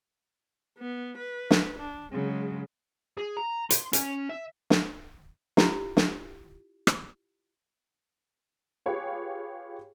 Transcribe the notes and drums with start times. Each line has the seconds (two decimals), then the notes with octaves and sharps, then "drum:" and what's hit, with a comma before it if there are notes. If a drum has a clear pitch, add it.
0.79 B3
1.18 B4
1.51 drum: snare
1.78 D4
2.12 C#3 F#3 G#3
3.18 G#4
3.37 A#5
3.70 C6, drum: hi-hat
3.93 C#4, drum: hi-hat
4.29 E5
4.70 drum: snare
5.57 E4 F4 G4, drum: snare
5.97 drum: snare
6.87 drum: rim click
8.86 F4 G4 G#4 B4 C#5 F5